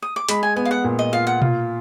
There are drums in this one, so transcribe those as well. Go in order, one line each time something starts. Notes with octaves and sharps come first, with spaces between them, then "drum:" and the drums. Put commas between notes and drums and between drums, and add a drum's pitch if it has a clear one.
D#6
D6
G#3 B5, drum: hi-hat
G#5
B3 G#5
F5
F#5
A#2
D#5
F4 F5
F#5
F4, drum: tom B2